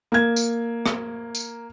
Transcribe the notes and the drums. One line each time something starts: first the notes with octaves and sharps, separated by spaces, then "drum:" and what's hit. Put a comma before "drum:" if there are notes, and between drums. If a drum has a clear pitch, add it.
A#3 G#6
drum: tambourine
drum: rim click
drum: tambourine